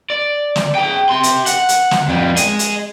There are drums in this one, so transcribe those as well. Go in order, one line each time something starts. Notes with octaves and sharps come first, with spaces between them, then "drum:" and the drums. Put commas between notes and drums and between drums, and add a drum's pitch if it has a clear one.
D5
drum: snare
G#4 G5
G4 C6
drum: hi-hat
F#5, drum: hi-hat
drum: hi-hat
drum: snare
F2 G3
G#4 D#5, drum: hi-hat
drum: hi-hat